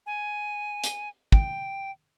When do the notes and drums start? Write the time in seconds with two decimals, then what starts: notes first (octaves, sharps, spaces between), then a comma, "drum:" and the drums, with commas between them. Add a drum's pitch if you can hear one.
0.06 G#5
0.84 drum: hi-hat
1.32 G5, drum: kick